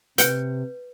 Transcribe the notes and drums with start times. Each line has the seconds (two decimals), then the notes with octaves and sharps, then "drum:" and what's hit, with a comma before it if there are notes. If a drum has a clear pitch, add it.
0.18 C3 B4 F#5 G5, drum: hi-hat